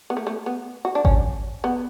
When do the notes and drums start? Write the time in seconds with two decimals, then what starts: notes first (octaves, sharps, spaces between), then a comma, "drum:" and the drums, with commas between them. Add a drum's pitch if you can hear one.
0.10 B3
0.17 A3
0.27 A3
0.46 B3
0.85 F#4
0.95 D4
1.05 C#4, drum: kick G#1
1.64 B3